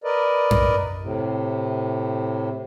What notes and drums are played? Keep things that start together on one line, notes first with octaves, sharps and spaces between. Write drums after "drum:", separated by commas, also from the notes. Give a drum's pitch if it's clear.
A#4 B4 D5 D#5
drum: tom F#2
A2 C3